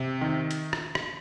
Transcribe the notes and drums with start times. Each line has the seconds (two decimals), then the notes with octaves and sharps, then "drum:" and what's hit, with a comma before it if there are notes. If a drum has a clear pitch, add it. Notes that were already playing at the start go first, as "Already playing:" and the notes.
Already playing: C3
0.21 D#3
0.51 drum: hi-hat
0.73 drum: rim click
0.95 drum: rim click